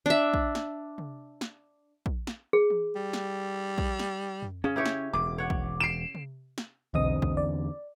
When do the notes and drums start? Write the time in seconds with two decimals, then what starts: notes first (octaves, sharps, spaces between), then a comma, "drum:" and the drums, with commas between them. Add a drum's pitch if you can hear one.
0.06 D4 E5
0.34 drum: kick
0.55 drum: snare
0.98 drum: tom C3
1.41 drum: snare
2.06 drum: kick
2.27 drum: snare
2.53 G#4
2.70 drum: tom E3
2.96 G3
3.13 drum: snare
3.78 drum: kick
3.99 drum: snare
4.42 drum: tom F2
4.64 C#3 C#4
4.76 E4 G4 C#5
4.86 drum: snare
5.13 E1 D6
5.38 C#5 F#5
5.50 drum: kick
5.80 C7 D7 E7
6.15 drum: tom C3
6.58 drum: snare
6.94 B1 E2 D3 C4 D#5 D#6
7.22 drum: kick
7.37 D5